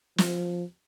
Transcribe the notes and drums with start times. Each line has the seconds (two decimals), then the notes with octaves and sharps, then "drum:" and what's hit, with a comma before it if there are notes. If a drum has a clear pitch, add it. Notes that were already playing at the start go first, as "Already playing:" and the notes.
0.18 F3, drum: snare